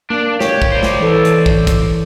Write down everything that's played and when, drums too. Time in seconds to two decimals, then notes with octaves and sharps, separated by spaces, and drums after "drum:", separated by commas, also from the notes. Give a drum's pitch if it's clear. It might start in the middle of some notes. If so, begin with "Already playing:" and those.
0.10 A#3 D4 D5
0.41 G4 C#5, drum: snare
0.62 drum: kick
0.72 C5 D5
0.83 drum: snare
1.01 E3 A4
1.25 drum: hi-hat
1.46 drum: kick
1.67 drum: kick, hi-hat